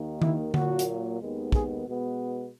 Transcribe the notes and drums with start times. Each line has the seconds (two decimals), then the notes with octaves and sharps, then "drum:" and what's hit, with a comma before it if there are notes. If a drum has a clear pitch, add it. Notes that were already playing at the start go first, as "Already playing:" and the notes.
Already playing: D#2 D#3 A#3
0.22 E4, drum: tom D#3
0.54 A#2 F#3 A#3 F#4, drum: tom D3
0.79 drum: hi-hat
1.20 D#2 D#3 G#3 B3
1.52 G#4, drum: kick
1.85 B2 G#3 B3